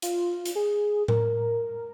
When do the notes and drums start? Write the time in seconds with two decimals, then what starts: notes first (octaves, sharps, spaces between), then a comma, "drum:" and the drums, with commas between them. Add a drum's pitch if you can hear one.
0.02 F4, drum: hi-hat
0.45 drum: hi-hat
0.55 G#4
1.08 A#4, drum: tom A2